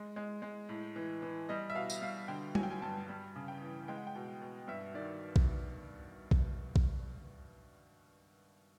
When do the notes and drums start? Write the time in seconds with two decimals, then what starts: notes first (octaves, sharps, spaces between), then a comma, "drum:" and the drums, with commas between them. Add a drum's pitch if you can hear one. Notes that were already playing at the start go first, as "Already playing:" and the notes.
Already playing: G#3
0.16 G#3
0.42 G#3
0.69 A2
0.96 E3
1.22 E3
1.49 G3 D#5
1.70 E5
1.75 B2 F5
1.90 drum: tambourine
2.02 G3 F5
2.28 D3 G5
2.55 F#3 G#5, drum: tom G3
2.63 G5
2.70 G#5
2.82 G2 A5
3.09 G3
3.36 C#3
3.48 G5
3.62 E3
3.88 G#3 G5
3.97 F#5
4.07 G5
4.15 B2
4.41 B2
4.68 G2 E5
4.94 D#3 D5
5.36 drum: kick A#1
6.31 drum: kick A#1
6.76 drum: kick A#1